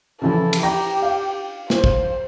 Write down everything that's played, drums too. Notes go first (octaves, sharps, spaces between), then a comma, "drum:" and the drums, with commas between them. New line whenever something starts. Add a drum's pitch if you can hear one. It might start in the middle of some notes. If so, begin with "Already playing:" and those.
C#3 E3 F3 E4 A4
drum: cymbal
G4 G5 A#5
F5
C5, drum: snare
drum: kick